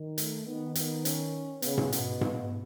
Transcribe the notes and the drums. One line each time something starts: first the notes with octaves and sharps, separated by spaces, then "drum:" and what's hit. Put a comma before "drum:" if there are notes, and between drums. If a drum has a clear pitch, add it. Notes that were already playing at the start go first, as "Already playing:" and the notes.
Already playing: D#3
A3, drum: hi-hat
D#3 B3
B3, drum: hi-hat
C#4, drum: hi-hat
C#3 B3, drum: hi-hat
drum: tom G#2
B2, drum: hi-hat
drum: tom G#2